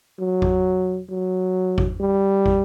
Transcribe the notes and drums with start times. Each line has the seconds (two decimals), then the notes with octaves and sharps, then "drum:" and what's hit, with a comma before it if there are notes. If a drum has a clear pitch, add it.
0.19 F#3
0.42 drum: kick
1.09 F#3
1.78 drum: kick
2.00 G3
2.46 drum: kick